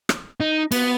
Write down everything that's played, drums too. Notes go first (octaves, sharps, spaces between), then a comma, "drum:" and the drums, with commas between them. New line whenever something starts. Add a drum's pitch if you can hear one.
drum: rim click
D#4
B3, drum: cymbal